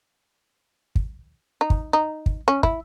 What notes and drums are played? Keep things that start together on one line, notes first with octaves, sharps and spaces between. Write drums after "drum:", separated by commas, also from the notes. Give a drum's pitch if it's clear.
drum: kick
D#4
drum: kick
D#4
drum: kick
C#4
E4, drum: kick